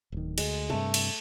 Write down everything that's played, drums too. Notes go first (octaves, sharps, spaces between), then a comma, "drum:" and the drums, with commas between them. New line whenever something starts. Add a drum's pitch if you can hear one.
D1 D#3
D2 G#3, drum: cymbal
G2 C3 A3
drum: cymbal